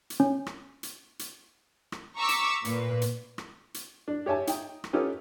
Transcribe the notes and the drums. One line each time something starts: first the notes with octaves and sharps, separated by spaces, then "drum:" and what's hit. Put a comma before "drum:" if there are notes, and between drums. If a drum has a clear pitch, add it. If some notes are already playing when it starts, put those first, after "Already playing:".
drum: hi-hat
C#4
drum: rim click
drum: hi-hat
drum: hi-hat
drum: rim click
A#5 C#6 D6 E6 B6
drum: hi-hat
A#2 B4, drum: hi-hat
drum: hi-hat
drum: rim click
drum: hi-hat
D4
G4 C#5 E5 G#5 A5
D#4 G5, drum: hi-hat
drum: rim click
C#4 D#4 F4 G4 A4 B4